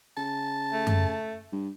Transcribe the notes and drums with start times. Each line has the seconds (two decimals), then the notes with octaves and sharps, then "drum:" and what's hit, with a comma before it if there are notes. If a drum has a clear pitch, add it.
0.17 C#3 A5
0.73 A3
0.87 drum: tom F#2
1.53 G2